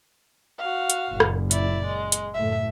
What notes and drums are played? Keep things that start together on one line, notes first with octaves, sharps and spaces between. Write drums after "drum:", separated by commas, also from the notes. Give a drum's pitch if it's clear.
F#4 F5
drum: hi-hat
F#1 A#2
drum: rim click
E4 D5, drum: hi-hat
G#3
drum: hi-hat
F#1 A2 A3 E5